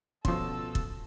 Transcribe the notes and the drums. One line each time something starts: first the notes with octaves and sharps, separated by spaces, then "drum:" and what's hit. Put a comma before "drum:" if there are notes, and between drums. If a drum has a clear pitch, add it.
B2 F3 C#4 A4 C6 E6, drum: kick
drum: kick